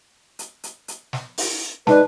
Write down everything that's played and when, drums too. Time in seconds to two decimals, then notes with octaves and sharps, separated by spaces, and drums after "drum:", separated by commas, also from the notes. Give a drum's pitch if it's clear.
0.39 drum: hi-hat
0.64 drum: hi-hat
0.88 drum: hi-hat
1.13 drum: snare
1.38 drum: open hi-hat
1.87 G#3 D#4 B4 D5 A5, drum: snare